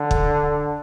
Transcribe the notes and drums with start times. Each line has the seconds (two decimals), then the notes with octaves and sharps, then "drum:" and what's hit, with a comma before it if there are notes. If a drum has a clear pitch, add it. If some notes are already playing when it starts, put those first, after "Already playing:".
Already playing: D3
0.11 drum: kick